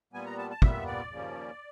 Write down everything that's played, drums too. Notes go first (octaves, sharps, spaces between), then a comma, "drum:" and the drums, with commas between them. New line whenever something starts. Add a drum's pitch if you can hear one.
A#2 G3 B3 G#5
A#5
A5
A5
A#2 G3 B3 E5, drum: kick
D5
D#2 C#3 F3 A#3 C#4